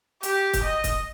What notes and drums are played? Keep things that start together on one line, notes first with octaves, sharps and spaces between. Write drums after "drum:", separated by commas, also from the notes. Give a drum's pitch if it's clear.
G4, drum: hi-hat
drum: kick, hi-hat
D#5
drum: kick, hi-hat